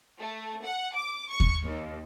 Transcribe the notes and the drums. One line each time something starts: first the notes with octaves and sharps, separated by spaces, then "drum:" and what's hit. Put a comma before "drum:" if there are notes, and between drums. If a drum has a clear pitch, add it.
A3
F#5
D6
C#6
drum: kick D#2
D#2